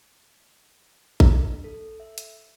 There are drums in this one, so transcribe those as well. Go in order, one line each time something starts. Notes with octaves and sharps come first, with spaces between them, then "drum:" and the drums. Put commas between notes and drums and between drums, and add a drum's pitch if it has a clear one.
D4, drum: kick A1
A4
E5
drum: hi-hat